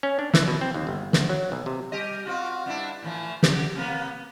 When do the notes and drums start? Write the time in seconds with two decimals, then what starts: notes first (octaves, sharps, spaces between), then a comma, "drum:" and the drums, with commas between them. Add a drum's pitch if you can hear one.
0.03 C#4
0.19 D4
0.34 E3, drum: snare
0.48 B2
0.61 C4
0.74 D#2
0.87 G1
1.13 D2, drum: snare
1.29 F#3
1.52 B1
1.66 C3
1.92 G3 G4 D#5
2.25 C4 F4 F#4
2.66 G2 D4 E4
3.02 A2 E3 F3
3.43 C#3 G4, drum: snare
3.75 C3 A#3 B3